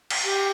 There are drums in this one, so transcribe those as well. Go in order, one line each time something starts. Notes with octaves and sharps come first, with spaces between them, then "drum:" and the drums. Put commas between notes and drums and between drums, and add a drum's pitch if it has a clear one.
drum: cymbal
G4